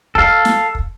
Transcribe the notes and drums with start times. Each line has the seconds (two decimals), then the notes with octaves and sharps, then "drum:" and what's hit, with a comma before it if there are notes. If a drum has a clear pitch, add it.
0.15 A4 F5, drum: kick
0.45 drum: snare
0.75 drum: kick